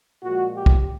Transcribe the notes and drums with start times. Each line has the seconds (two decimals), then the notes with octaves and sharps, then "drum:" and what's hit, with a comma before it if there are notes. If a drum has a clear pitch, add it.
0.23 A#2 F3 G#3 F#4
0.56 G4
0.66 drum: kick